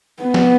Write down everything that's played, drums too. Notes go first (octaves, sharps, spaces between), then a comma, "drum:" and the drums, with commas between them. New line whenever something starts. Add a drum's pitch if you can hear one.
B3
drum: snare